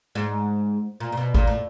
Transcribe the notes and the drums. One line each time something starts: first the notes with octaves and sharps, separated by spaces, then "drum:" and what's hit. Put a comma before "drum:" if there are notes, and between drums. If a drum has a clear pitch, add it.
G#2
A#2
A#2
B2
A#2, drum: kick
A2